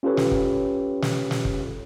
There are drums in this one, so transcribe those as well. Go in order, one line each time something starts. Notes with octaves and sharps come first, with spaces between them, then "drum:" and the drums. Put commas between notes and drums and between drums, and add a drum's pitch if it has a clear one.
C#4 F4 G4 A4 B4 C#5
drum: snare
drum: kick
drum: snare
drum: snare
drum: kick